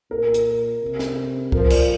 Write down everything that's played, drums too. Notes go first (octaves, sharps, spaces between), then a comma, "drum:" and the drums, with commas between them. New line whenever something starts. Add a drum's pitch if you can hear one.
A#2 A#4
drum: hi-hat
C3
drum: snare
F3 A#4, drum: kick C2
D5, drum: cymbal